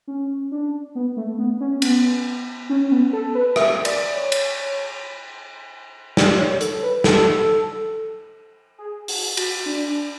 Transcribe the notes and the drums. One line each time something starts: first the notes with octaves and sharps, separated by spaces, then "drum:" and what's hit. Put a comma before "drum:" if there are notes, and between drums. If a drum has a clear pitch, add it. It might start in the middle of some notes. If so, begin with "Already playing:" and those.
C#4
D4
B3
A3
B3
C#4
B3, drum: cymbal
C#4
B3
A4
B4
E5, drum: rim click
D5, drum: cymbal
C#5
drum: cymbal
D5, drum: snare
C#5
A4, drum: hi-hat
B4
A4, drum: snare
G#4
F#4, drum: open hi-hat
F#4, drum: cymbal
D4